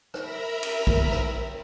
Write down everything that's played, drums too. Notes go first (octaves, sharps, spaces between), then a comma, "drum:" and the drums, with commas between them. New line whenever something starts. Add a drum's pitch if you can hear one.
A#4 E5 A#5 B5, drum: rim click
drum: cymbal
drum: kick
drum: rim click